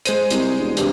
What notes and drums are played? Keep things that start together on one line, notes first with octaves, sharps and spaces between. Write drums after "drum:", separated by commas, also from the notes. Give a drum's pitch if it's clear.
G#3 C5 D#7, drum: hi-hat
C2, drum: hi-hat
E1
A1 G2 C3, drum: hi-hat